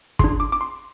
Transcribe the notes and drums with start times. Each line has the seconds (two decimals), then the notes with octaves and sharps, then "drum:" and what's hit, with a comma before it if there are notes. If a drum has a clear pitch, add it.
0.19 D4 G#4 C6, drum: kick
0.40 D6
0.52 D6
0.61 C6